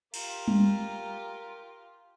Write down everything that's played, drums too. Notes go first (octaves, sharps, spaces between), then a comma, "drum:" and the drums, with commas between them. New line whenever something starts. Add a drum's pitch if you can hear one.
F4 G4 A#4, drum: cymbal
drum: tom G3